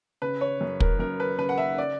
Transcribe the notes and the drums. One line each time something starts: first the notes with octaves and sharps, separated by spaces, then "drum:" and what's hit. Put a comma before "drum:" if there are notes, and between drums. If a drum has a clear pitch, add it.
C#3 B4
C#5
F#2
A#4, drum: kick
F#2 A#4
B4
C#3 B4
F#5
E5
D5